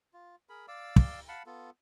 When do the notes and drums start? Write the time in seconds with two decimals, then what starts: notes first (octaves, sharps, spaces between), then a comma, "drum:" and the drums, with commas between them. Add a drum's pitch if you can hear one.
0.13 F4
0.49 G#4 A#4 B5
0.68 D5 F5 D6 E6
0.96 drum: kick
1.28 F5 F#5 A5 B5
1.46 B3 F4 A4